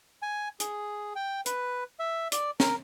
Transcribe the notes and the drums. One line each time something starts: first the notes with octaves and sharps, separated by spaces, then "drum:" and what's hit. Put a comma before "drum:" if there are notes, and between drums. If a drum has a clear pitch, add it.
G#5
G#4, drum: hi-hat
G5
B4, drum: hi-hat
E5
D5, drum: hi-hat
A#4, drum: snare